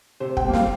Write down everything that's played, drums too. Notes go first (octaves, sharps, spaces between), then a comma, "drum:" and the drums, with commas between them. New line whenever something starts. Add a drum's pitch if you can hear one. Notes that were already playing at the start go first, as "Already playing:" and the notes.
C3 C5
G5, drum: kick
G3 A#3
F5, drum: snare